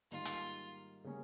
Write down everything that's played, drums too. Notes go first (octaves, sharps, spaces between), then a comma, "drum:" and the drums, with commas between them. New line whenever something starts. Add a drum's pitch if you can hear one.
G#2 D#3 G3 A#3 D#4 F4
drum: hi-hat
C#3 G3 A#3 C#4 G#4